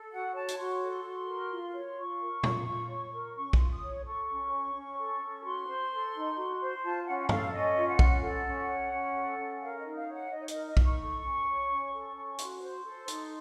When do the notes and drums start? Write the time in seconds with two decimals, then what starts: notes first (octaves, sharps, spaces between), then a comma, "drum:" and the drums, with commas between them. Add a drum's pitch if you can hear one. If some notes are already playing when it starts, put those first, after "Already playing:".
Already playing: A4
0.12 F#4 F#5
0.35 C#5 A5
0.48 drum: hi-hat
0.58 F#4 C6
0.81 A4
1.04 F#4
1.27 A#4
1.50 F4
1.73 C#5
1.97 F4 C#6
2.20 A#4
2.43 F4, drum: tom A#2
2.67 F4
2.89 C#5
3.13 A#4
3.36 C#4 C#6
3.53 C6, drum: kick B1
3.59 F4
3.71 D#6
3.82 C#5
4.05 A4 C#6
4.29 C#4
4.52 C#5
4.74 C#4
4.98 A4
5.21 C#4
5.44 F#4 C6
5.67 C5
5.91 A4
6.14 D#4
6.37 F#4
6.60 C5
6.83 F4 A5
7.06 C#4 F#5
7.18 F#5
7.29 A4 F5, drum: tom
7.53 C#4 D#5
7.76 F4
7.87 F#5
7.99 C#4, drum: kick B1
8.22 A4 F#5
8.45 C#4
8.68 C#5
8.92 C#4
9.15 A4
9.38 C#4
9.61 A#4 F5
9.78 D#5
9.84 D#4
9.96 F5
10.08 C#5
10.13 F#5
10.25 F5
10.30 D#4 D#5
10.39 C#5
10.48 D#5, drum: hi-hat
10.54 A#4
10.65 D#5
10.77 D#4, drum: kick B1
10.83 C#6
11.00 A4
11.23 C#4
11.46 C#5
11.70 C#4
11.92 A4
12.16 C#4
12.39 F#4 C6, drum: hi-hat
12.61 C5
12.85 A4
13.08 D#4, drum: hi-hat